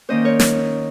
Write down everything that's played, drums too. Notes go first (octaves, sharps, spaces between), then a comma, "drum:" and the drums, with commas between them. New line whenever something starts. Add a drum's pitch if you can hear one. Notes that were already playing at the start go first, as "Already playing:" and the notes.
D#3 A#3 C#4 C5 D#5
A#4 C#5
D#4, drum: snare